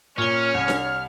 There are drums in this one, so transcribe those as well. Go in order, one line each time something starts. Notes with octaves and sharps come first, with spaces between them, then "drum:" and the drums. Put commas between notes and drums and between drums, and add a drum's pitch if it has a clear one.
A#2 C#4 C#5 F6 G7
C2
drum: snare D4